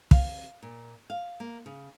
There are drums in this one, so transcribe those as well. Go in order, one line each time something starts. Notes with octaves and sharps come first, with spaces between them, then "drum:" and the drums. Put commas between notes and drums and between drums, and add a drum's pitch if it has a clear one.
F5, drum: kick
A#2
F5
A#3
C#3